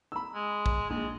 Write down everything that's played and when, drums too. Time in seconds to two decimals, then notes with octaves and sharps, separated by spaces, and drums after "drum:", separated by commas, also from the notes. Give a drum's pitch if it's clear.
0.12 B5 E6
0.34 G#3
0.66 drum: kick
0.90 A#1 G#3